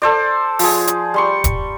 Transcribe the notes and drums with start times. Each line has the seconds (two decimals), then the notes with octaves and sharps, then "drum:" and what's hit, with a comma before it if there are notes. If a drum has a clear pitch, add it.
0.02 A4 C5 D5
0.59 F3 G#4, drum: open hi-hat
0.87 drum: hi-hat
1.14 G3 C6 C#6
1.44 drum: kick, hi-hat